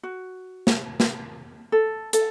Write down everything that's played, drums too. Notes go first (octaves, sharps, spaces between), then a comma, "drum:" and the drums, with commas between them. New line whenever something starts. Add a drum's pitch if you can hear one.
F#4
drum: snare
drum: snare
A4
A4, drum: hi-hat